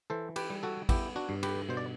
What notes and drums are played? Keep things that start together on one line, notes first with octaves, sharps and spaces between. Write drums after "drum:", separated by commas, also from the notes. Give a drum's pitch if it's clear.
E3 A4 C5
G4 B4, drum: cymbal
G3
F#4 A4
B3 E4 G4, drum: kick, cymbal
D4 F#4
G2
G4 B4, drum: cymbal
B2 C5
D5